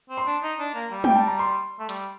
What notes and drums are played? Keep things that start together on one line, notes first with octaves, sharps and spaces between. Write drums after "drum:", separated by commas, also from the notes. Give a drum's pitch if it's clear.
C4
C6
D4
D#4
D4
A#3
G3
G5, drum: tom
A5
A#5
C6
A3
G3, drum: hi-hat